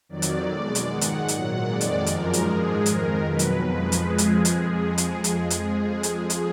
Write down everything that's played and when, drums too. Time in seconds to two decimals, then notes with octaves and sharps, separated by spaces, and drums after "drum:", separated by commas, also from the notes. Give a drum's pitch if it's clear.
0.09 F2 D#3 F#3 D5
0.22 drum: hi-hat
0.48 B2 G#3
0.75 drum: hi-hat
0.88 G#2 D#3 G#3 F#5
1.01 drum: hi-hat
1.28 A#2 F#3, drum: hi-hat
1.67 F2 D#3 G#3 D5
1.81 drum: hi-hat
2.06 F#2 F3 G#3 A#4, drum: hi-hat
2.33 drum: hi-hat
2.46 G#2 F3 G#3 G#4
2.86 F2 D#3 G#3 A#4, drum: hi-hat
3.25 B2 F#3 B4
3.39 drum: hi-hat
3.65 F2 F3 G#3
3.92 drum: hi-hat
4.05 F2 F3 G#3 G#4
4.18 drum: hi-hat
4.45 drum: hi-hat
4.98 drum: hi-hat
5.24 drum: hi-hat
5.50 drum: hi-hat
6.03 drum: hi-hat
6.30 drum: hi-hat